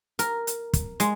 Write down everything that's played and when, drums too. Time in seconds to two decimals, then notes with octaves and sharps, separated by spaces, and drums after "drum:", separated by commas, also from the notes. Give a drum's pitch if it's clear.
0.19 A#4, drum: hi-hat
0.47 drum: hi-hat
0.73 drum: kick, hi-hat
1.00 G#3, drum: hi-hat